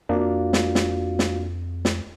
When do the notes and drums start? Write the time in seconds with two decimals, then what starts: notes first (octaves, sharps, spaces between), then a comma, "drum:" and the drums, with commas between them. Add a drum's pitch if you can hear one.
0.09 F2 A#3 D4 F4 F#4 F5
0.53 drum: snare
0.75 drum: snare
1.19 drum: snare
1.85 drum: snare